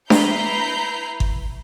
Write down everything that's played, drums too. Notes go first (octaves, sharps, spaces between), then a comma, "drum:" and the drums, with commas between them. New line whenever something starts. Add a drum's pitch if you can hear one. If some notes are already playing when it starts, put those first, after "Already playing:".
E4 B4 A#5 B5 G6 C7, drum: snare D4
drum: kick G1